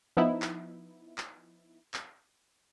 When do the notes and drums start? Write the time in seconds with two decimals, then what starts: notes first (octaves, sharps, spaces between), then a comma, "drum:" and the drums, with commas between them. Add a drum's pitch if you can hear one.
0.17 F3 B3 D#4 E4
0.42 drum: clap
1.18 drum: clap
1.94 drum: clap